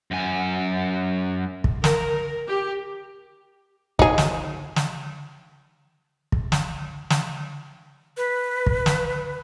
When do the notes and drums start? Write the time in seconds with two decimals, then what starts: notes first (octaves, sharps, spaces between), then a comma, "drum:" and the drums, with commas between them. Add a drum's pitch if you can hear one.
0.11 F#2 G#5
1.64 drum: kick
1.84 A#4, drum: snare
2.46 G4
3.99 D#4 G#4, drum: kick
4.18 drum: snare
4.76 drum: snare
6.32 drum: kick
6.52 drum: snare
7.10 drum: snare
8.17 B4
8.66 drum: kick
8.86 drum: snare